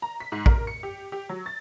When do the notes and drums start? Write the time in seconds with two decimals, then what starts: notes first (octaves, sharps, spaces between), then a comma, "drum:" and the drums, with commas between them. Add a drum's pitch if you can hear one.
0.02 A#5
0.20 B6
0.32 G#2
0.46 A#4, drum: kick A#1
0.67 C#7
0.83 G4
1.12 G4
1.29 F#3
1.46 A6